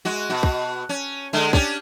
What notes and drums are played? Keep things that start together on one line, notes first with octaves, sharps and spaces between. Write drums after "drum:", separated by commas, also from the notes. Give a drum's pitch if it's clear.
G#3 F#4
B2 F#4
drum: kick
C#4
D3 G#3
C#4 D4 G4, drum: kick